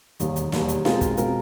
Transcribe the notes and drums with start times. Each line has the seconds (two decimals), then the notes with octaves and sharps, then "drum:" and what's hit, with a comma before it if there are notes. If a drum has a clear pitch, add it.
0.20 E1 D#2 D#3 G3, drum: hi-hat
0.36 drum: hi-hat
0.52 E1 D#2 D#3 G3, drum: snare
0.68 drum: hi-hat
0.85 B2 G#3 C4 F4 A#4, drum: snare
1.01 drum: kick, hi-hat
1.17 B2 G#3 C4 F4 A#4, drum: hi-hat